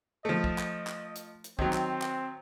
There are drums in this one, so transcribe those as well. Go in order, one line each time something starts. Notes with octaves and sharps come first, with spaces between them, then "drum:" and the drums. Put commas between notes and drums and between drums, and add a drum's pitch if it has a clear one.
F3 A3 D#5
drum: kick
drum: clap
drum: clap
drum: hi-hat
drum: hi-hat
D#3 F#3 C4, drum: kick
drum: clap
drum: clap